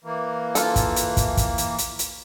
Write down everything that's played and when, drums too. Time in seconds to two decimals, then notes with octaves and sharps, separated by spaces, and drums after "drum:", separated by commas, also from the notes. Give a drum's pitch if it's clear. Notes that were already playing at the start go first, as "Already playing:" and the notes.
0.04 E3 A#3
0.55 F4 A4, drum: hi-hat
0.76 drum: kick, hi-hat
0.96 drum: hi-hat
1.17 drum: kick, hi-hat
1.37 drum: kick, hi-hat
1.58 drum: hi-hat
1.78 drum: hi-hat
1.99 drum: hi-hat